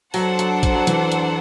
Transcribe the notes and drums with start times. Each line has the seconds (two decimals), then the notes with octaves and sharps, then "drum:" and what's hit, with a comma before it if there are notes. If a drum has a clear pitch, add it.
0.14 F#3 D4 A4 C5 F#5, drum: open hi-hat
0.39 F#3, drum: hi-hat
0.63 drum: kick A1, hi-hat
0.75 F#3
0.87 E3, drum: hi-hat
1.12 drum: hi-hat